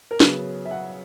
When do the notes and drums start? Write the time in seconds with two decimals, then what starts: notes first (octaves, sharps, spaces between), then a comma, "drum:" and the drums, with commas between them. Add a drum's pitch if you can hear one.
0.11 A#4
0.20 C#3 F#3 B3 B4, drum: snare
0.65 E5
0.71 F#5